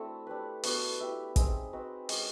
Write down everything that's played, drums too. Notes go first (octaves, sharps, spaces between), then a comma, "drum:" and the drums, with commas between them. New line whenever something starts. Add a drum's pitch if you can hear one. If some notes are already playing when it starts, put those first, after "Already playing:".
Already playing: A3 C4 D4 E4 F#4 A4
D4 G4 B4
B3 D4 F#4 B4, drum: open hi-hat
E4 G4 B4 E5
C4 D#4 G#4, drum: kick, hi-hat
C4 D#4 F#4 B4
G#3 C#4 F#4, drum: open hi-hat